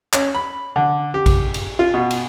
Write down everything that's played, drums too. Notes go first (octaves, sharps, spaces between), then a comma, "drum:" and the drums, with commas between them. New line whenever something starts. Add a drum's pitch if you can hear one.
C#4, drum: clap
B5
D3
G4
drum: kick G#1, cymbal
drum: cymbal
F4
B2
drum: cymbal